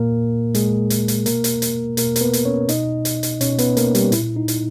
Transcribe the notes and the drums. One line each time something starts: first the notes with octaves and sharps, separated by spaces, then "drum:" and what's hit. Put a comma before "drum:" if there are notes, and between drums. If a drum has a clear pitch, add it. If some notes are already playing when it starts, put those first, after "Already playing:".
Already playing: A#2 A#3 A#4
A#2 G#3 G#4, drum: hi-hat
drum: hi-hat
drum: hi-hat
B2 A#3 A#4, drum: hi-hat
drum: hi-hat
drum: hi-hat
B2 A#3 A#4, drum: hi-hat
A#4, drum: hi-hat
B3 B4
drum: hi-hat
C#4 C#5
B2 D#4 D#5, drum: hi-hat
drum: hi-hat
drum: hi-hat
B2 C#4 C#5, drum: hi-hat
B3 B4, drum: hi-hat
A#3 A#4, drum: hi-hat
G3 G4, drum: hi-hat
A#2 E4, drum: hi-hat
D#4
drum: hi-hat